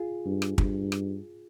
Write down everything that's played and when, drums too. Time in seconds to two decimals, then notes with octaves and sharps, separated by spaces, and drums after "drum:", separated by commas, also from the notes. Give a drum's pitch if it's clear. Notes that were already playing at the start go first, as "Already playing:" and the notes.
Already playing: F4 G#4
0.25 G2
0.42 drum: rim click
0.58 G2, drum: kick
0.92 drum: rim click